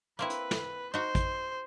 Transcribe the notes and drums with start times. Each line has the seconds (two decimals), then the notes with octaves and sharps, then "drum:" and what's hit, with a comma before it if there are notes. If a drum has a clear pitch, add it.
0.19 A#3 C4 E4 B4
0.30 drum: hi-hat
0.51 drum: snare
0.94 D#4 F#4 C5
1.15 drum: kick A1, hi-hat